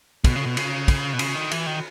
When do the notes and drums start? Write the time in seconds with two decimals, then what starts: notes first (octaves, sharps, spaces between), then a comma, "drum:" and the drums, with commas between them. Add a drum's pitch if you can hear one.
0.24 B2, drum: kick, cymbal
0.36 C#3
0.46 B2
0.57 C#3, drum: cymbal
0.88 drum: kick, cymbal
1.13 B2
1.19 C#3, drum: cymbal
1.35 D#3
1.51 E3, drum: cymbal
1.67 D#3